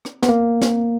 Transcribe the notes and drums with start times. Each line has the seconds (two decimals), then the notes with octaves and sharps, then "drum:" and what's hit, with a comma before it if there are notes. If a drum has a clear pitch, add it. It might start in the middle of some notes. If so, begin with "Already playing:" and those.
0.05 drum: rim click
0.23 B3, drum: snare
0.29 A#3
0.61 drum: snare